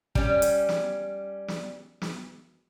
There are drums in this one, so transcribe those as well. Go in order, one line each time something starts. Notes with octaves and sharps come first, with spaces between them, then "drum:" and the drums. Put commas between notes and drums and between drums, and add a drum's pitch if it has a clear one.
G3 C#4, drum: kick
drum: hi-hat
drum: snare
drum: snare
drum: snare